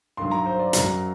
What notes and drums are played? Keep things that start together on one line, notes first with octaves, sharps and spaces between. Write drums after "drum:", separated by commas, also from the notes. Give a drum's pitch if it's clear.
G2 D#3 F#3 C6
A#5
C5
D5
F#2 F#3 A#5, drum: hi-hat